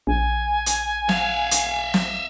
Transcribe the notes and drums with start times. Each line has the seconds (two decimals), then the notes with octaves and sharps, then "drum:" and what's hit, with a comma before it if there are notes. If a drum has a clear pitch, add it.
0.07 A#1 G#5
0.66 drum: hi-hat
1.09 E5 F5, drum: snare
1.51 drum: hi-hat
1.94 drum: snare